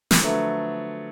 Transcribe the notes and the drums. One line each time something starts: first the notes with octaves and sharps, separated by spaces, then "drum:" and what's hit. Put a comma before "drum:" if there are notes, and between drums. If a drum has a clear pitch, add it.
drum: snare
D3 F3 F#3 A3 B3